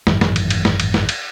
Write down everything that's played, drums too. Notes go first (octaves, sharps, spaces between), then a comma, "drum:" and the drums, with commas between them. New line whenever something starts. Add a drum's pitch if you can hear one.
G#1 F#2 A2 E3, drum: snare
drum: snare
drum: cymbal
drum: cymbal
drum: snare
drum: cymbal
drum: snare
drum: cymbal